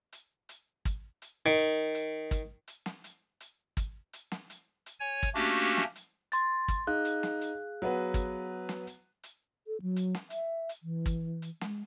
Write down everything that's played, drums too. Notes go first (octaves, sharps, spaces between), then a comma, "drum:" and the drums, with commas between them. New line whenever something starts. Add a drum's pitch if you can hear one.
drum: hi-hat
drum: hi-hat
drum: kick, hi-hat
drum: hi-hat
D#3
drum: hi-hat
drum: hi-hat
drum: kick, hi-hat
drum: hi-hat
drum: snare
drum: hi-hat
drum: hi-hat
drum: kick, hi-hat
drum: hi-hat
drum: snare
drum: hi-hat
drum: hi-hat
C#5 G#5
drum: kick, hi-hat
A3 A#3 C#4 D4 F#4 G4
drum: hi-hat
drum: snare
drum: hi-hat
C6 A6, drum: hi-hat
drum: kick, hi-hat
D#4 G#4 F5 F#6
drum: hi-hat
drum: snare
drum: hi-hat
F#3 B3 B4
drum: kick, hi-hat
drum: snare
drum: hi-hat
drum: hi-hat
A4
F#3
drum: hi-hat
drum: snare
E5, drum: hi-hat
drum: hi-hat
E3
drum: kick, hi-hat
drum: hi-hat
G#3, drum: snare